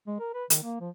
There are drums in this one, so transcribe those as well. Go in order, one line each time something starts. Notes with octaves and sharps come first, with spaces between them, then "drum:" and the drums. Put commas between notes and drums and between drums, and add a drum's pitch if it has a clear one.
G#3
A#4
B4
D#3, drum: hi-hat
A#3
F3